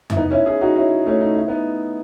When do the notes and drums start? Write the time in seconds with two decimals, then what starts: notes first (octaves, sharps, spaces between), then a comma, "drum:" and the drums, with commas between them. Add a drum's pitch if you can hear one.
0.10 E4, drum: tom F2
0.16 B3 D#4
0.31 C#4 E4
0.46 E4 G#4
0.61 D#4 F#4
0.76 C#4 E4
1.06 A3 C#4
1.21 D#4
1.35 E4
1.48 B3 D#4